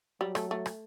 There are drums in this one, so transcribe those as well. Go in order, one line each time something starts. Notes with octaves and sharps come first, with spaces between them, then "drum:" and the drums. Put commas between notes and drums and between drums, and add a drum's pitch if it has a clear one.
F#3 G3
A3, drum: rim click
A3
drum: rim click